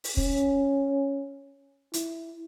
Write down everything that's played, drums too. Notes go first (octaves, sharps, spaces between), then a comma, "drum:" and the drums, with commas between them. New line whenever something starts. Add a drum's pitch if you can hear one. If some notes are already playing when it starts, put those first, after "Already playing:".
drum: open hi-hat
C#4, drum: kick
E4, drum: hi-hat